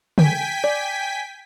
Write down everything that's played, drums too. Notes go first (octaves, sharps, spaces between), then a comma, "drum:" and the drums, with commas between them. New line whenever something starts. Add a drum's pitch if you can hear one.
G5 G#5 B6, drum: tom C#3
D5